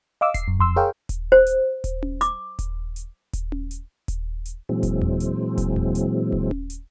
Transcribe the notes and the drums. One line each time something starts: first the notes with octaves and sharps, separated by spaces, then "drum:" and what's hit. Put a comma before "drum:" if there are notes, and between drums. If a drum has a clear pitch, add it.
D#5 F5 D6 E6
C7, drum: kick D#1, hi-hat
F#2
F2 C6 E6
G#4 A#4 C#5 F5 G5
drum: kick D#1, hi-hat
C5
drum: hi-hat
drum: kick D#1, hi-hat
drum: tom C#4
D6, drum: hi-hat
drum: kick D#1, hi-hat
drum: hi-hat
drum: kick D#1, hi-hat
drum: tom C#4
drum: hi-hat
drum: kick D#1, hi-hat
drum: hi-hat
A#2 E3 F#3 G#3 C4
drum: kick D#1, hi-hat
drum: tom D#2
drum: hi-hat
drum: kick D#1, hi-hat
drum: tom D#2
drum: hi-hat
drum: kick D#1
drum: tom C#4
drum: hi-hat